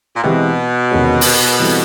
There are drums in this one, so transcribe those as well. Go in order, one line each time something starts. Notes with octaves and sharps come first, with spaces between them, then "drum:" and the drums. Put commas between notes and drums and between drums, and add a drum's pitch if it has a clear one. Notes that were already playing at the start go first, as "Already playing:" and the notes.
A#2
B2 E3 G#3 C4 E4 G4
E2 C3 D#3 G#3 C#4
drum: open hi-hat
E3 G3 C4 E4 A4